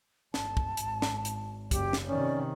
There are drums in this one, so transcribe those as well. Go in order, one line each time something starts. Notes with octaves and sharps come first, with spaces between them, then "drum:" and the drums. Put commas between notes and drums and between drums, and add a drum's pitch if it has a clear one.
G1 A5, drum: snare
drum: kick
G#1, drum: hi-hat
drum: snare
drum: hi-hat
F#1 G4, drum: kick, hi-hat
drum: snare
C3 D#3 C#4 D5